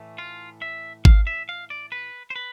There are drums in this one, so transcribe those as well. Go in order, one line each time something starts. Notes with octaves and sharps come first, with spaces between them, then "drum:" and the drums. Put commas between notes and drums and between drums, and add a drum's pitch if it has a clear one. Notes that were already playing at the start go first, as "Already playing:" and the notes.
Already playing: A2 E3 A3
F4
E5
F5, drum: kick G#1
E5
F5
D5
B4
C5
B4